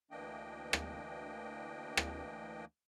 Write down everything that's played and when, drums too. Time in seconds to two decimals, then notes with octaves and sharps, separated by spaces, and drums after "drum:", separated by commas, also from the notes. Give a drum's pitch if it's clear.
0.11 D2 E3 A#3 D4 D#5 G5
0.73 drum: rim click
1.97 drum: rim click